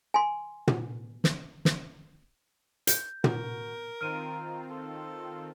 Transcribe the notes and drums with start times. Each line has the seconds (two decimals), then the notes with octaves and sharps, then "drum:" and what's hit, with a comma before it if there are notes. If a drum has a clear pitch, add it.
0.14 G#5 C6
0.67 drum: tom
1.24 drum: snare
1.65 drum: snare
2.87 G6, drum: hi-hat
3.24 F#4 A#4, drum: tom
4.01 D#3 C4 F4 A#5 F6 D7 D#7
4.70 A4 C6